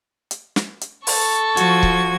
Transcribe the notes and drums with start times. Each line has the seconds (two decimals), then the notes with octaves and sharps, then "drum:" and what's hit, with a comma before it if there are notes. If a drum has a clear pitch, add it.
0.31 drum: hi-hat
0.56 drum: snare
0.81 drum: hi-hat
1.07 A4 C#6, drum: open hi-hat
1.57 F3 F#4 G#6, drum: hi-hat
1.83 drum: kick